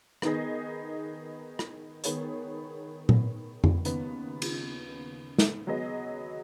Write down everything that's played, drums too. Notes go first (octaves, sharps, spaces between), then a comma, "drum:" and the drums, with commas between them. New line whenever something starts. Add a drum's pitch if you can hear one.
D#3 B3 D#4 G#4 D#5, drum: rim click
drum: rim click
D#3 B3 G#4 C#5, drum: hi-hat
drum: tom A#2
drum: tom F2
D#2 C#3 B3 D#4, drum: hi-hat
drum: cymbal
drum: snare
F#3 B3 G#4 D#5